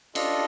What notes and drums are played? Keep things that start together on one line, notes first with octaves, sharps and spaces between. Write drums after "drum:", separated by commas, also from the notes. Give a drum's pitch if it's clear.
D4 F4 A4 D#5, drum: cymbal